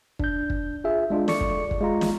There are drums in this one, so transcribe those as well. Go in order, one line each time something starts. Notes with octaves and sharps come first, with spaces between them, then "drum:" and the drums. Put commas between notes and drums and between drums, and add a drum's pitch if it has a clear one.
D4 G6, drum: kick
drum: kick
F4 G#4 E5
G#3 D4 F4
A4 D5 C#6 C#7, drum: snare
drum: kick
drum: kick
G#3 F4 A#5
drum: snare